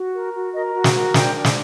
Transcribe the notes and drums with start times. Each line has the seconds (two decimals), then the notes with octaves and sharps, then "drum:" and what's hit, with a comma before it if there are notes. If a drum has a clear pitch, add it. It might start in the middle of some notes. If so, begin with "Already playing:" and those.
Already playing: F#4
0.13 A#4
0.33 F#4
0.54 A#4 D#5
0.74 F#4
0.84 F#5, drum: snare
0.94 A#4
1.14 D4 G5, drum: snare
1.35 D4
1.44 drum: snare